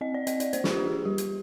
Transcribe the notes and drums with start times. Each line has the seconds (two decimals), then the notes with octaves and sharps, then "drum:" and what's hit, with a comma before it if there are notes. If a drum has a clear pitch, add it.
0.01 C4 D#5
0.14 D5
0.27 C4 D#5, drum: hi-hat
0.40 D5, drum: hi-hat
0.53 A#3 C5, drum: hi-hat
0.64 F4, drum: snare
0.70 G4
0.79 D4
0.87 G#4
1.05 G3 G4
1.18 drum: hi-hat